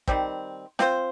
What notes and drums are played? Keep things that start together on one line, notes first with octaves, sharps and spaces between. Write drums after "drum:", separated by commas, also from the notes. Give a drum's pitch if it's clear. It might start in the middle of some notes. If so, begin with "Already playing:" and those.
D#3 G3 C4, drum: kick
C4 F4 C5, drum: snare